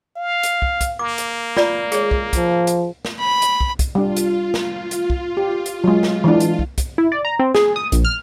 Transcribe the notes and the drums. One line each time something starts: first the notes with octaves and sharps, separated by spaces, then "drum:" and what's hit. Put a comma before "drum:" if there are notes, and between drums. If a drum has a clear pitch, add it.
F5
drum: hi-hat
drum: kick
drum: kick, hi-hat
A#3 D6
drum: hi-hat
F4 D5 A#5, drum: snare
G#3 G#4 C#5, drum: hi-hat
drum: kick
F3, drum: kick, hi-hat
drum: hi-hat
drum: snare
B5
drum: hi-hat
drum: kick
drum: kick, hi-hat
G3 D4 F4
drum: hi-hat
drum: snare
drum: hi-hat
drum: kick
G4
drum: hi-hat
F#3 G#3
drum: snare
E3 G#3 D4
drum: hi-hat
drum: kick
drum: kick, hi-hat
E4
D5
A#5
C4
G#4, drum: snare
D#6
A#1, drum: hi-hat
F6